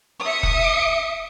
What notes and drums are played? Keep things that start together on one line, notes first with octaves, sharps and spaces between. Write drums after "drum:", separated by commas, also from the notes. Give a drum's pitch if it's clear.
E5 D#6 C#7
drum: kick E1